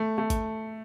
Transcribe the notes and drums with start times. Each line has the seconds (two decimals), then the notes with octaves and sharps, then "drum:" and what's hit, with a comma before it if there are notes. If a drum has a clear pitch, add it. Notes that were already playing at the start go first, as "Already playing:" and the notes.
Already playing: A3
0.18 A3
0.30 drum: kick, hi-hat